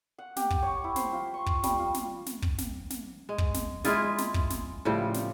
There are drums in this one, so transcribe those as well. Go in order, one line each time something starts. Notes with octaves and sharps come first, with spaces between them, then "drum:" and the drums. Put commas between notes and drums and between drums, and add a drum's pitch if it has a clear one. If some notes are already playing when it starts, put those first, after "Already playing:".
F#5
G4, drum: snare
drum: kick
C#5
E4
C5, drum: snare
F4
C#6
drum: kick
G3, drum: snare
F4
drum: snare
drum: snare
drum: kick
drum: snare
drum: snare
G#3
drum: kick
drum: snare
G#3 E4 F4 G#4, drum: snare
drum: snare
drum: kick
drum: snare
A2 C#3 F3 G3
drum: snare